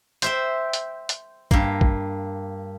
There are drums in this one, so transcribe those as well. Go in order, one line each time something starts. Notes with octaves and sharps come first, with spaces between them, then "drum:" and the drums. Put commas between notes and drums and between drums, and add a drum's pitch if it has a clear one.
C5 E5 G5, drum: hi-hat
drum: hi-hat
drum: hi-hat
G2 A#3, drum: kick
drum: kick